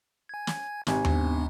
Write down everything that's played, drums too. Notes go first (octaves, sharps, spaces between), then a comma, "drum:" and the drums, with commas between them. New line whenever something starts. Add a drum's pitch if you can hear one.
G#5 G#6
drum: snare
G#1 C3 G#5, drum: snare
B3 D4, drum: tom D#2